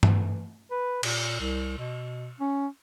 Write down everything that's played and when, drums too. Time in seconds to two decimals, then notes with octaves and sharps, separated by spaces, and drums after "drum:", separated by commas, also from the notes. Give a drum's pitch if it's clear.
0.03 E3, drum: tom G2
0.71 B4
1.03 A#2, drum: cymbal
1.40 C2
1.78 B2
2.40 C#4